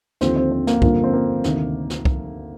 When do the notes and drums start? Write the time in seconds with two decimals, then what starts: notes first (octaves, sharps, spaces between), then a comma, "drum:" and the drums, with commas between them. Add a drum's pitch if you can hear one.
0.21 D#2 D3 F3 C4, drum: snare
0.36 C4
0.51 C4
0.67 A#3, drum: snare
0.82 G1 G2 D3 F3 A#3, drum: kick
1.04 C4
1.13 A#3
1.44 D2 C3 D#3, drum: snare
1.90 drum: snare
2.05 drum: kick